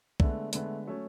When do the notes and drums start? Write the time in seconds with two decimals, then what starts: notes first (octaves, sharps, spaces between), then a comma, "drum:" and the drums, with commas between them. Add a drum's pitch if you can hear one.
0.20 D3 G#3 A3 B3, drum: kick
0.53 D3 G#3 A3 B3, drum: hi-hat
0.87 F#3 A3 C#4